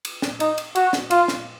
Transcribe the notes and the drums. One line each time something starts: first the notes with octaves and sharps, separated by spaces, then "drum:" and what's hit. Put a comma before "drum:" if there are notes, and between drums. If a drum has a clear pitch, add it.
drum: cymbal
drum: snare
D#4, drum: cymbal
drum: cymbal
F#4, drum: cymbal
drum: snare
F4, drum: cymbal
drum: snare